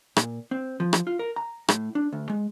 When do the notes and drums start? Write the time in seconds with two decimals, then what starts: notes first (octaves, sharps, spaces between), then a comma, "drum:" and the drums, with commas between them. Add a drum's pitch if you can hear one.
0.17 A#2, drum: rim click
0.51 C4
0.80 F3
0.93 drum: rim click
1.07 F4
1.19 A#4
1.36 A#5
1.69 A2, drum: rim click
1.95 D4
2.13 D2
2.30 G#3